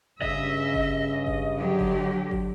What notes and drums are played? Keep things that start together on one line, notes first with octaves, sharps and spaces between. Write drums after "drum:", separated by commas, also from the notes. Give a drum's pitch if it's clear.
G2 C#3 D#5 E5, drum: kick G1
drum: kick G1
drum: kick G1
D3 F#3 G4
drum: kick G1
drum: kick G1